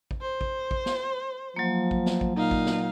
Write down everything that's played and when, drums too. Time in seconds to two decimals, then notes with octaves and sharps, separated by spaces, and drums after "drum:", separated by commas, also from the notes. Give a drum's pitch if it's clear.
0.11 drum: kick A1
0.21 C5
0.41 drum: kick A1
0.71 drum: kick A1
0.86 drum: snare
1.56 F3 F#3 A#3
1.91 drum: kick A1
2.06 drum: snare
2.21 drum: kick A1
2.36 A#2 D#4 F5
2.51 drum: kick A1
2.66 drum: snare